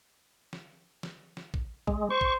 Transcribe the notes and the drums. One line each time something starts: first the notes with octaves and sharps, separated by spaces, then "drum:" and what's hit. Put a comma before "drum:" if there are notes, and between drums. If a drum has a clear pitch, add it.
drum: snare
drum: snare
drum: snare
drum: kick
G#3, drum: kick
C5 C#6
drum: kick